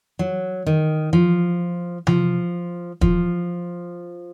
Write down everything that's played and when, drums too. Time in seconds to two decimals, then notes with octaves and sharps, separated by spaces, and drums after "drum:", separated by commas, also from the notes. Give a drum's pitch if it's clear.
0.19 F#3
0.67 D#3
1.13 F3
2.07 F3, drum: tom C3
3.01 F3, drum: kick